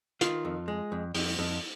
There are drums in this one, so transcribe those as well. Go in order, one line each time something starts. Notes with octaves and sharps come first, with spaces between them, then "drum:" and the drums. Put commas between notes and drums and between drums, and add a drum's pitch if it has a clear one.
D#3 F4, drum: hi-hat
F2
G#3
F2
F2, drum: open hi-hat
F2